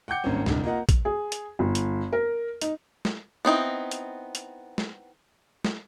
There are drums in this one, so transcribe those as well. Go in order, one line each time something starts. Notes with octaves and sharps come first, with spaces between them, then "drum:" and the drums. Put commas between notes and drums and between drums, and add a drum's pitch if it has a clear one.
F#5 G5 D6 G6 C#7
G#1 G2 A#3 C4 C#4
F1 C2 D3, drum: snare
A#3 F4 D#5 F#5
drum: kick A#1, hi-hat
G#4
drum: hi-hat
G1
drum: hi-hat
A#4
D#4, drum: hi-hat
drum: snare
B3 C4 D#4 E4
drum: hi-hat
drum: hi-hat
drum: snare
drum: snare